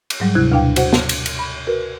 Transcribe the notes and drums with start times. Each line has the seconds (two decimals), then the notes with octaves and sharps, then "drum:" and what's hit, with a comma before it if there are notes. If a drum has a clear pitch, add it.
0.10 drum: cymbal
0.20 G#2 F#3 G3
0.35 D2 C3 E4 F#6 G#6
0.52 D2 B2 D4 F5 G5
0.76 F#4 C5 F#5, drum: cymbal
0.93 drum: snare
1.09 drum: cymbal
1.26 drum: cymbal
1.39 B5
1.67 F#4 A#4 B4